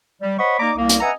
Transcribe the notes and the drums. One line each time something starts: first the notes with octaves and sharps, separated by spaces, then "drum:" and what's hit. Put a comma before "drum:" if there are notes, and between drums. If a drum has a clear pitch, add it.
G3
C5 C#5 D#5 F#5 B5 C#6
A#3 D#4 D5 A#5 D6
C2 A#3
drum: hi-hat
B4 D#5 E5 F#5 G#5 A#5